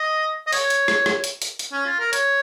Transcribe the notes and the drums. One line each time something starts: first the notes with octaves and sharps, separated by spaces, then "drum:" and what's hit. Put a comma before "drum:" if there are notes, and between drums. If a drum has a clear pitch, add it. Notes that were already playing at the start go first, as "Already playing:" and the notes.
Already playing: D#5
D#5
C#5, drum: open hi-hat
drum: hi-hat
drum: rim click
drum: rim click
drum: hi-hat
drum: hi-hat
drum: hi-hat
C#4
F4
A#4
C#5, drum: hi-hat